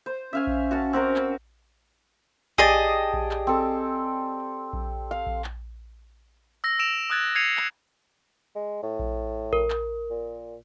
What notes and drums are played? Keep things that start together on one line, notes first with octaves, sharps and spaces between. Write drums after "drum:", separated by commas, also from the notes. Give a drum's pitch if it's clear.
C5
C#4 E5 F5 G#5
drum: kick A#1
F#4 F#5 A5
C4 F#4 A#4
E6, drum: clap
G4 G#4 D5 D#5 A5, drum: kick A#1
drum: kick A#1
drum: clap
C4 A4
drum: kick A#1
F5
drum: kick A#1
drum: clap
E6 A#6
E6 D7 E7 F7
D#6 E6 F#6 G#6 A6
G#6 C7 C#7 D#7 F7
drum: clap
G#3
A2
drum: kick A#1
A#4, drum: kick A#1
drum: clap
A#2